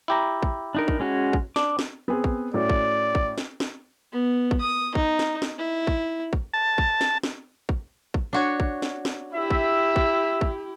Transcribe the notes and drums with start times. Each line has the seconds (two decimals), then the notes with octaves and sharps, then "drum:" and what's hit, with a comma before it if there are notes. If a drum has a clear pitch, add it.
0.08 E4 G4 A#5
0.42 drum: kick
0.75 D4 D#4 A#4
0.88 drum: kick
1.00 G#3 C#4 F#4
1.33 drum: kick
1.56 D4 D6, drum: snare
1.79 drum: snare
2.08 B3 C4 G#4
2.24 drum: kick
2.54 A2 C#4 F#4 D5
2.69 drum: kick
3.15 drum: kick
3.38 drum: snare
3.60 drum: snare
4.12 B3
4.51 drum: kick
4.61 D#6
4.95 D#4, drum: kick
5.19 drum: snare
5.42 drum: snare
5.58 E4
5.87 drum: kick
6.33 drum: kick
6.53 A5
6.78 drum: kick
7.01 drum: snare
7.23 drum: snare
7.69 drum: kick
8.14 drum: kick
8.33 D4 F#4 C#5
8.60 drum: kick
8.82 drum: snare
9.05 drum: snare
9.34 E4 G4 E5
9.50 drum: kick
9.96 drum: kick
10.41 drum: kick